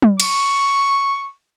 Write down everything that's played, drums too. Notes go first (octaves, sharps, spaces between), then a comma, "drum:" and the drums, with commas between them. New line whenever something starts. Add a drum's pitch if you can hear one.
drum: tom
C#6, drum: cymbal